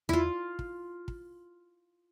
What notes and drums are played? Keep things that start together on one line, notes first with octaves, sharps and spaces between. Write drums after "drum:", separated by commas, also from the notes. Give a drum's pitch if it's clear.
E4 F4, drum: tom E2
drum: kick
drum: kick